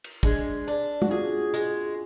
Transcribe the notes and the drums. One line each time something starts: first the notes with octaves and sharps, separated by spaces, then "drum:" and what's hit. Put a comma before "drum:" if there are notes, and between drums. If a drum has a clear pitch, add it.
drum: cymbal
G#3 D4, drum: kick
D4
F#4, drum: tom
F4 G#4
G#3, drum: tambourine